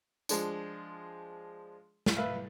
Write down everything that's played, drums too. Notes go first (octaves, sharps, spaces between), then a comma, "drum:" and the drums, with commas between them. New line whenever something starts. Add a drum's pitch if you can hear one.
F3 G#3 D4, drum: tambourine
drum: snare
B4 E5 F5